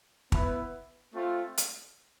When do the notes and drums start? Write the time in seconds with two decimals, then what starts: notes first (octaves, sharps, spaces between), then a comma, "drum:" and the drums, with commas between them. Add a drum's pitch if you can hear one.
0.32 B3 E4 B4 E5, drum: kick
1.12 A3 C4 F4
1.57 drum: hi-hat